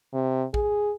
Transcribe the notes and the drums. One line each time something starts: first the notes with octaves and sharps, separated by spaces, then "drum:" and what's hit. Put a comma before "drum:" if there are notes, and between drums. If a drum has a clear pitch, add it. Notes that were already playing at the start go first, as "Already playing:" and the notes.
C3
G#4, drum: kick